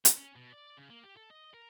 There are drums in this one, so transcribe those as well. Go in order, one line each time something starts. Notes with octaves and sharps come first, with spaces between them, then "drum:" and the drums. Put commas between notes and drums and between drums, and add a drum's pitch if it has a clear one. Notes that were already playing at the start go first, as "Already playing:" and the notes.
C4, drum: hi-hat
C#4
B2
D5
C#3
A#3
G4
A4
D#5
A#4